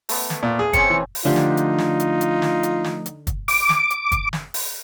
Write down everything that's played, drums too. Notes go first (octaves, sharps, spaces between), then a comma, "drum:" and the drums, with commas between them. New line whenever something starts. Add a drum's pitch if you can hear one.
A3 B3, drum: open hi-hat
drum: snare
A#2
G#4
C3 C4 C#4 C#7, drum: kick, hi-hat
E3
drum: open hi-hat
D3 F3 A3 D4 D#4 F4 G4
drum: snare
drum: hi-hat
drum: snare
drum: hi-hat
drum: hi-hat
drum: snare
drum: hi-hat
drum: snare
drum: hi-hat
drum: kick, hi-hat
D6, drum: open hi-hat
drum: snare
drum: hi-hat
drum: kick, hi-hat
drum: snare
drum: open hi-hat